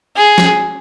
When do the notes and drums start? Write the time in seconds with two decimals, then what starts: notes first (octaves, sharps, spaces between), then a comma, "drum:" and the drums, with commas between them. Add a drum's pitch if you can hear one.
0.16 G#4
0.38 drum: snare